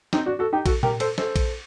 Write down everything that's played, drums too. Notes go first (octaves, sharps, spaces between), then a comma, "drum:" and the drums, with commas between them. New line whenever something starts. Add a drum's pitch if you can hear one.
C4 D#4, drum: snare
D4 F#4
F#4 A4
D#4 G4
F#4 A4, drum: kick A#1, cymbal
G4 A#4, drum: tom A#2
A4 C5, drum: cymbal
A4 C5, drum: snare
drum: kick A#1, cymbal